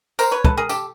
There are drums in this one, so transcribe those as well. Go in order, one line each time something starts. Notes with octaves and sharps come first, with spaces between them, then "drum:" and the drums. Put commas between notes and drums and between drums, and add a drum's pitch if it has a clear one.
A#4 C5, drum: tambourine
B4 C#5
A4 B4, drum: kick
G#4 A#4
G4 A4, drum: tambourine